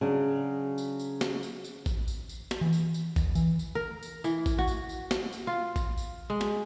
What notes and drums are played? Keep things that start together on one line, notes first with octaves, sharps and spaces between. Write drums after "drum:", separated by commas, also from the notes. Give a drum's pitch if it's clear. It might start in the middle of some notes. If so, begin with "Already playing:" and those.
C#3 F#3 D4
drum: tambourine
drum: tambourine
drum: snare
drum: tambourine
drum: tambourine
drum: kick A1, tambourine
drum: tambourine
drum: tambourine
drum: snare
E3
drum: tambourine
drum: tambourine
D#2, drum: kick A1, tambourine
E3, drum: tambourine
drum: tambourine
A#4
drum: tambourine
E3, drum: tambourine
drum: kick A1, tambourine
F#4
drum: tambourine
drum: tambourine
drum: snare
drum: tambourine
F4
drum: kick A1, tambourine
drum: tambourine
G#3
drum: snare